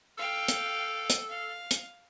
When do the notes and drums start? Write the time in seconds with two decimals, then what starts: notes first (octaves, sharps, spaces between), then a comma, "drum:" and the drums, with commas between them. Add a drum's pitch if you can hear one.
0.18 A4 F5 G5
0.48 drum: hi-hat
1.10 drum: hi-hat
1.29 F5
1.71 drum: hi-hat